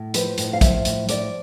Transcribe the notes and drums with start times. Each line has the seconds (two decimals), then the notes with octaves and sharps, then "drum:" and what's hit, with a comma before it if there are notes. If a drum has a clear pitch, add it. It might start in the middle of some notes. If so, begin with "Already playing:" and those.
Already playing: A2
0.14 F3 B4, drum: hi-hat
0.38 A2, drum: hi-hat
0.53 F5
0.61 F3 E5, drum: kick, hi-hat
0.85 A2, drum: hi-hat
1.09 F3 D5, drum: hi-hat